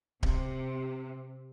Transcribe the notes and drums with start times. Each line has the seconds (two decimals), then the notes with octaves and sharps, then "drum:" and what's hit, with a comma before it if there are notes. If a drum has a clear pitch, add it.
0.23 C3, drum: kick D1